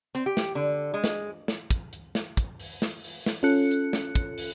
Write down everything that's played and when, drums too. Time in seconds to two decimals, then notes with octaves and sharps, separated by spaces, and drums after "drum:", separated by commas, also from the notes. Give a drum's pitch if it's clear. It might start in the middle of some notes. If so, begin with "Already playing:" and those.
0.15 C4, drum: hi-hat
0.26 G4
0.37 drum: snare
0.55 D3
0.94 G#3
1.04 drum: snare
1.48 drum: snare
1.71 drum: kick, hi-hat
1.93 drum: hi-hat
2.15 drum: snare
2.37 drum: kick, hi-hat
2.60 drum: open hi-hat
2.82 drum: snare
3.04 drum: open hi-hat
3.26 drum: snare
3.43 C#4 F4 A4 F#6 C#7
3.71 drum: hi-hat
3.93 drum: snare
4.15 drum: kick, hi-hat
4.38 drum: open hi-hat